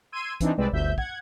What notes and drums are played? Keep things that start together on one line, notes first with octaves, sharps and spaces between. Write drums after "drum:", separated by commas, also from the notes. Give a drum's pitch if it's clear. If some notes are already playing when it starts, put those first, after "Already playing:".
C6 E6 G#6 D#7
E3 C4 D4 D#4, drum: kick, hi-hat
C2 G#3 C4 B4 D5 E6
G1 D2 E5 G6
F#5 G#6, drum: kick